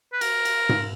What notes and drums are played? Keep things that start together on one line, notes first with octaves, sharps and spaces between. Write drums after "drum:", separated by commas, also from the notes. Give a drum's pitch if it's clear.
B4
A#4, drum: cymbal
drum: cymbal
drum: tom G#2